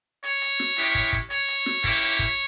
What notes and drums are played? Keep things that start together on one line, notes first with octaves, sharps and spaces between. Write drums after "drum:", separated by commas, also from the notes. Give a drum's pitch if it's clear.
C#5, drum: hi-hat
drum: hi-hat
drum: snare
G#3 C#4 E4 G4, drum: hi-hat
drum: kick, hi-hat
drum: kick, hi-hat
C#5, drum: hi-hat
drum: hi-hat
drum: snare
A#3 C#4 E4 G4, drum: kick, hi-hat
drum: hi-hat
drum: kick, hi-hat